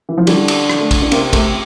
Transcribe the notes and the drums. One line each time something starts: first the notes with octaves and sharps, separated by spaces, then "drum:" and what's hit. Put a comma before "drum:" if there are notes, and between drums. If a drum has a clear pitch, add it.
E3
F3
D3 G3, drum: cymbal
drum: cymbal
drum: rim click
A3
drum: kick, cymbal
D4
C3 A#3, drum: cymbal
A3, drum: kick, cymbal